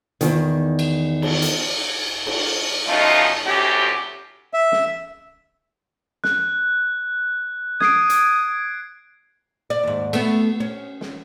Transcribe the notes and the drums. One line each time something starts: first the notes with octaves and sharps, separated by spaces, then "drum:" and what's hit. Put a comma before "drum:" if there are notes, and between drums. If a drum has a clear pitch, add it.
E2 G2 D#3, drum: hi-hat
drum: cymbal
drum: cymbal
drum: hi-hat
drum: cymbal
B2 F3 A3 C#4 D#4 F4
F2 A2 F#3 C#4 G4
E5
drum: snare
F#6, drum: snare
D#6 G#6 C7 D7, drum: snare
drum: hi-hat
D5
D#2 G#2
A3 B3, drum: cymbal
C#4
drum: snare